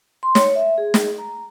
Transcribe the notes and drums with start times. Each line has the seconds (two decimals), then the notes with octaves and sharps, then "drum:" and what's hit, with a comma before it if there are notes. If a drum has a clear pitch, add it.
0.23 C6
0.35 C#5, drum: snare
0.55 E5
0.78 G#4
0.94 drum: snare
1.18 A#5